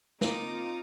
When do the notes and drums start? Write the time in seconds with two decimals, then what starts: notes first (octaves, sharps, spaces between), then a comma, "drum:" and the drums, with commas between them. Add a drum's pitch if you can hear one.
0.21 A#3 C4 D#4 F4 A#5 D6 D#6, drum: snare